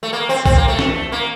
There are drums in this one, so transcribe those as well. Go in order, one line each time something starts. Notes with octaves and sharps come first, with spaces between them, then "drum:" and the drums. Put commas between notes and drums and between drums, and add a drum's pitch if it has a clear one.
A3
A#3
C4
C4, drum: kick B1
A#3
A3
drum: snare
A#3